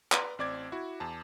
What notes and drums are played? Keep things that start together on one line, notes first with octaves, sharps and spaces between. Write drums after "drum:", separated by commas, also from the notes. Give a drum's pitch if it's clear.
B4 D5 A#5 C6, drum: clap
A1 C4 D5 D6 G#6
E4 F#4
E2 A5